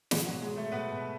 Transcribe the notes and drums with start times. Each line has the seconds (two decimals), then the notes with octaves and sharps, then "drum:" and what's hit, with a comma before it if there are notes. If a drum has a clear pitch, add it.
0.11 B2 G#3 G#4, drum: snare
0.26 F#3 F#4
0.31 B2
0.41 G#3 G#4
0.51 B2
0.56 A3 A4
0.72 B2 B3 B4
0.92 B2